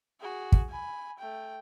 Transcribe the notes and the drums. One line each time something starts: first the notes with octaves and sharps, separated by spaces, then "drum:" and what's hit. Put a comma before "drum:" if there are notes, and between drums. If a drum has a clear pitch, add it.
F#4 G#4
drum: kick
G#5 B5
A3 G5